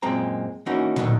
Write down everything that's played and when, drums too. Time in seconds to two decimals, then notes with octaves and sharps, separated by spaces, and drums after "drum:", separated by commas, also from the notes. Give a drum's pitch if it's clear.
0.02 F#2 A#2 G#3 C4 A#5
0.66 E3 A#3 C#4 D#4 F#4
0.96 D2 A#2 D3 D#3 F#3, drum: tom